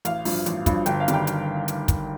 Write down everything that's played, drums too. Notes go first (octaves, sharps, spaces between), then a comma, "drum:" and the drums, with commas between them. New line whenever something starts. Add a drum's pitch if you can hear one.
A1 F5, drum: hi-hat
G2 F3, drum: open hi-hat
A1, drum: hi-hat
G2 F3, drum: kick, hi-hat
G1 G5, drum: hi-hat
F5
D#3 G3, drum: hi-hat
G5
drum: hi-hat
drum: hi-hat
drum: kick, hi-hat